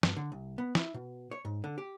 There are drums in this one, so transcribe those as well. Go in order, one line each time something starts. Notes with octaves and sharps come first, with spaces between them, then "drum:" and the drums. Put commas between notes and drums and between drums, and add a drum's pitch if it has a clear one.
G2, drum: snare
D3
C2
B3
E4, drum: snare
B2
C#5
G#2
D3
G4